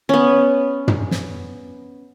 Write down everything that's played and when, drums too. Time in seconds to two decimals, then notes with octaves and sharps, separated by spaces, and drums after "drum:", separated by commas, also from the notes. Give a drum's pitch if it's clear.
0.09 B3 C#4
0.88 drum: tom
1.11 drum: snare